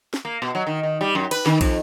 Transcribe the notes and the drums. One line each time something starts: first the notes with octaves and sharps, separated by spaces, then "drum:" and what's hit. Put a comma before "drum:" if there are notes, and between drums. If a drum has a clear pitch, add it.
drum: snare
A#3
B2
F#3
D#3
D#3
G3
F#2
B4, drum: cymbal
D#3, drum: snare
F2, drum: kick, cymbal